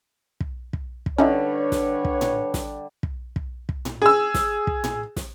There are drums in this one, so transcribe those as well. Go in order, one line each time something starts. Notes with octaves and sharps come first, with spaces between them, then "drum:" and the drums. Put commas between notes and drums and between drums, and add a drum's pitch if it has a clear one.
drum: kick
drum: kick
drum: kick
D3 G3 C#4 D#4 E4 B4 C#5
drum: snare
drum: kick
drum: tom A2
drum: snare
drum: kick
drum: kick
drum: kick
drum: tom A2
G#4 E6
drum: snare
drum: kick
drum: tom A2
drum: snare